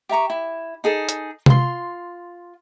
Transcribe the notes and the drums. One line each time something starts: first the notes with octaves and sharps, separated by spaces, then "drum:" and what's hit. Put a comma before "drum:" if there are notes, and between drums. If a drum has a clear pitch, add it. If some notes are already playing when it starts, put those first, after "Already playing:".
G4 E5 A#5 C#6
E4
D#4 G#4 A4
drum: hi-hat
F4 C6, drum: tom C3